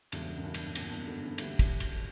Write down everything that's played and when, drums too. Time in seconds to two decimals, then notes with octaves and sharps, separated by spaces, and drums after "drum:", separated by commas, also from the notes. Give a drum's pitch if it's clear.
0.12 E1 E2 G2 C#3 E3 B3, drum: cymbal
0.37 F#2
0.44 G2
0.54 drum: cymbal
0.75 F#2 A#2, drum: cymbal
0.91 G2 B2
1.06 B2 D3
1.22 C#3 E3
1.38 D2 D3 E3 G3 A#3 E4 G4, drum: cymbal
1.59 drum: kick, cymbal
1.80 drum: cymbal